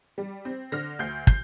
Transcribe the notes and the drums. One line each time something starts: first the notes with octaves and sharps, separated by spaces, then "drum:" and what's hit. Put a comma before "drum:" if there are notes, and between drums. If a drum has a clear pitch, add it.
G3
C4
D3 F6 A#6
D2 G6 C7
G6 C7, drum: kick